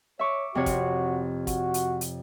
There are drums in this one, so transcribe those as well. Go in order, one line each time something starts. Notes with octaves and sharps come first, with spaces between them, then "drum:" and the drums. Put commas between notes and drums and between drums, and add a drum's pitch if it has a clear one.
C#5 E5 C#6 D6
F2 C3 F#4 C#5
drum: kick, hi-hat
F#4, drum: kick, hi-hat
drum: hi-hat
drum: hi-hat